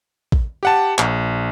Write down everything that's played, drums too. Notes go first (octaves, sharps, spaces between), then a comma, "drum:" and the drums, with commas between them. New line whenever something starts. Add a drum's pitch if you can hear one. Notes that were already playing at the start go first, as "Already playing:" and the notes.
drum: kick A1
G4 F#5 A5
A#1, drum: clap